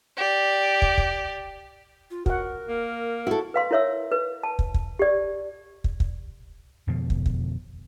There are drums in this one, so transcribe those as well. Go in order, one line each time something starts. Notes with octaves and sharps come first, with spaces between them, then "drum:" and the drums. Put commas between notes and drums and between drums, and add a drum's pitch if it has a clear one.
G4 D5
drum: kick
drum: kick
F4
F#4 A#4 F#5, drum: kick
A#3
E4 F#4 A4
B4 F5 C6
E4 A#4 C#5 E5 E6
B4
A5
drum: kick
drum: kick
G4 D5
drum: kick
drum: kick
F2 B2 D3 F3
drum: kick
drum: kick